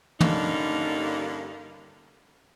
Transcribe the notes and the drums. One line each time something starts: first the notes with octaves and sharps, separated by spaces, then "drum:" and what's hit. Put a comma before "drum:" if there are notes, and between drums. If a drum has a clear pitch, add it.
G2 D3 A#3 C#4 D#4, drum: tom